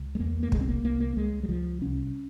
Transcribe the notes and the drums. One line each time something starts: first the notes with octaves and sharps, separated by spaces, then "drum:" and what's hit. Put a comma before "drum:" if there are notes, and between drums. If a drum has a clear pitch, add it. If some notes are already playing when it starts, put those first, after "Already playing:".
Already playing: C#2
G#3
E2 A#3
A#3
C2 G#3, drum: kick
C4
A#3
C2 A#3
A#3
C#2 G#3
G3
C#2 F3
C2 C#4